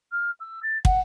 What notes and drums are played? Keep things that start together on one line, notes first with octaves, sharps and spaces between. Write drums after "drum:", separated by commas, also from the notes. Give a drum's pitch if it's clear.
F6
E6
A6
F#5, drum: kick